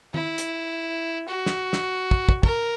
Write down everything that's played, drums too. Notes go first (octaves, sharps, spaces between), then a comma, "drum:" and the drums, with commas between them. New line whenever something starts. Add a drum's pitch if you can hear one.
E4, drum: tom D#3
drum: hi-hat
F#4
drum: snare
drum: snare
drum: kick
drum: kick
A#4, drum: kick